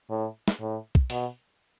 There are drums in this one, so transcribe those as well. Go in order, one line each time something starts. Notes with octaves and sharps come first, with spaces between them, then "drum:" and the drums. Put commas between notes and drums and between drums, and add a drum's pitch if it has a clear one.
A2
drum: snare
A2
drum: kick
B2, drum: open hi-hat